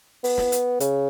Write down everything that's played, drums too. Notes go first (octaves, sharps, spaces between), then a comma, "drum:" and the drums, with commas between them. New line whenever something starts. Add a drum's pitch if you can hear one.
B3, drum: open hi-hat
drum: snare
drum: hi-hat
C#3, drum: hi-hat